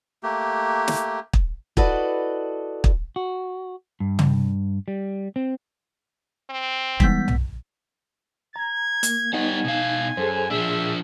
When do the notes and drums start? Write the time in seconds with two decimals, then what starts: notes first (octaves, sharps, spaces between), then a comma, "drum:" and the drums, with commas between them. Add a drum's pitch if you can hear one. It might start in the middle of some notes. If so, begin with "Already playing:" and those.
0.23 A3 A#3 G4
0.88 drum: snare
1.33 drum: kick
1.77 E4 F#4 A4 B4 D5 D#5, drum: kick
2.84 drum: kick
3.16 F#4
4.00 G2
4.19 drum: tom
4.88 G3
5.36 C4
6.50 C4
7.00 E3 G3 G#3 B3 D#4 G6 B6, drum: kick
7.28 drum: tom B1
8.56 A#5 G#6
9.03 A#3, drum: hi-hat
9.33 G3 B3 D#4 F#5 G#5
9.65 B2 F5
10.17 F#2 G#4 A4 C5
10.50 A#2 F3 D4 G#4 E5